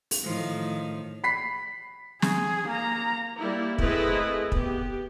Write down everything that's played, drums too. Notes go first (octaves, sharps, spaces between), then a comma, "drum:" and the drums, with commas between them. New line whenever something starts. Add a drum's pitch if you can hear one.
drum: open hi-hat
A2 D#3 F3
B5 B6 C7
G#4, drum: snare
A#3 A#5
G3 A#3 E4
A3 C4 E4 G#4 B4 D#5, drum: kick
B3 G4, drum: kick